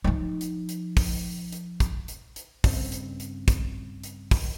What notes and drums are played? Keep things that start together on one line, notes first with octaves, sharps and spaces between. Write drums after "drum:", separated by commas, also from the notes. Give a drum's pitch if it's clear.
F3 D#4
drum: hi-hat
drum: hi-hat
drum: kick, open hi-hat
drum: hi-hat
drum: kick, hi-hat
drum: hi-hat
drum: hi-hat
G2 C#3 C4, drum: kick, open hi-hat
drum: hi-hat
drum: hi-hat
drum: kick, hi-hat
drum: hi-hat
drum: kick, open hi-hat